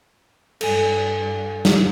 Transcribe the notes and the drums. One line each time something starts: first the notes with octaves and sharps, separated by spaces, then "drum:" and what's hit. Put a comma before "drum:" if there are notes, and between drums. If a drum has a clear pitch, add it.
G2 A4 G#5, drum: cymbal
drum: snare